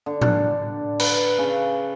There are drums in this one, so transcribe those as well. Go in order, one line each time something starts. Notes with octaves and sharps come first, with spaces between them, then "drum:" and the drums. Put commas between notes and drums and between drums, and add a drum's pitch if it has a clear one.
D3
D4, drum: tom A2
B4, drum: cymbal
C#3